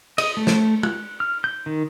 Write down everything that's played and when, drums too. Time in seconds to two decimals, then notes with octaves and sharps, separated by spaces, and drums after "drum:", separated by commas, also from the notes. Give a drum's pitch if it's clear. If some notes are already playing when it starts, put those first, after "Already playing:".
0.18 D#5, drum: cymbal
0.37 A3
0.47 drum: snare
0.83 F#6, drum: tom
1.20 F6
1.44 G6
1.66 D#3